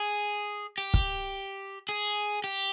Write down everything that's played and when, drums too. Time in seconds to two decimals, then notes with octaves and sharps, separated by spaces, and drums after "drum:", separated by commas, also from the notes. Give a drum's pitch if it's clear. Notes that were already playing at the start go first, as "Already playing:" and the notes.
Already playing: G#4
0.78 G4
0.94 drum: kick
1.89 G#4
2.44 G4